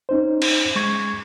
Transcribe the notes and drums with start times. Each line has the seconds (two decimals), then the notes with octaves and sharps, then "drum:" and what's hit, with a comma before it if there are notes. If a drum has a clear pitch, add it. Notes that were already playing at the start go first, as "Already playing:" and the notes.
0.09 C#4 D#4 C5
0.42 drum: cymbal
0.76 G#3 C#6 G#6